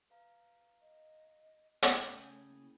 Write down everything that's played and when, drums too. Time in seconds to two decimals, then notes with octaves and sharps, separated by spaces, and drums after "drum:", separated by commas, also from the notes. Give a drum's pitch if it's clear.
0.10 B4 F5 A#5
0.81 D#5
1.82 E4 B4 B5, drum: hi-hat
2.05 C#3 A3 G#4 C#5 G5 A5 B5
2.50 A#3 E4